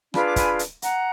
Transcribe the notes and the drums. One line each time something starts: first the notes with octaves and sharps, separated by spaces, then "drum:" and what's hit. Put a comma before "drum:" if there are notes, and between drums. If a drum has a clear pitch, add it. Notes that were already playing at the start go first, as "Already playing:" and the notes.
D4 F4 G#4 B4 B5, drum: rim click
D6
G#5 B5, drum: kick, hi-hat
drum: hi-hat
F#5 A#5, drum: hi-hat